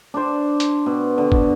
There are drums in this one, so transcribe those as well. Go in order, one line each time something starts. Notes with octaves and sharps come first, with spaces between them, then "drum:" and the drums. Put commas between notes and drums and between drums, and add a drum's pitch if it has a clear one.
D4 C5
drum: hi-hat
B2
D3
drum: kick